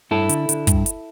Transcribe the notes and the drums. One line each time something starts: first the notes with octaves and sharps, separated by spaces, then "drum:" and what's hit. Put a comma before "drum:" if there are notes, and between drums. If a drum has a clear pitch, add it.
G2 E4 A4
D3, drum: hi-hat
D3, drum: hi-hat
G2, drum: kick, hi-hat
drum: hi-hat